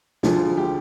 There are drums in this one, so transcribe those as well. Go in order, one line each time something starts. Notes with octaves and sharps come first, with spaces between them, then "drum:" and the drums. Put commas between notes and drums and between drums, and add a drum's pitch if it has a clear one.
D2 D3 F3 G#3 F4, drum: snare
G4